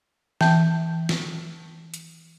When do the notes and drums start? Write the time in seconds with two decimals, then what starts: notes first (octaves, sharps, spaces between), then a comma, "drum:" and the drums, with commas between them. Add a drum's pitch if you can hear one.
0.41 E3 G5 A5 G6, drum: snare
1.09 drum: snare
1.94 drum: hi-hat